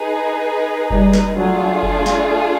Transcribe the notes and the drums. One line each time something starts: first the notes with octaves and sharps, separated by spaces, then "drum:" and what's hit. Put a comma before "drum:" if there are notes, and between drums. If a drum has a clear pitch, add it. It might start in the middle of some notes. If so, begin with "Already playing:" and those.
Already playing: D#4 G#4 B4
G3, drum: kick F#1
drum: snare
F#3 A3 D4 F4 G#4
drum: kick F#1
drum: snare